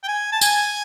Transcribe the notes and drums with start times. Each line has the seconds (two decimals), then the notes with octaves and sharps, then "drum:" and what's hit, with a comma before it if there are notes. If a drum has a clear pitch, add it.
0.03 G5
0.08 G#5
0.32 A5
0.41 G#5, drum: tambourine